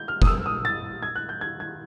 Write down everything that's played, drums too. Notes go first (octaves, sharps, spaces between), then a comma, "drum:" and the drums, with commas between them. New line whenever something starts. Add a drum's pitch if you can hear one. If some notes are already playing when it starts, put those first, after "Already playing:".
Already playing: G6
F6
D#6, drum: kick F1
E6
D#6
A6
G#6
F#6
G6
G#6
G#6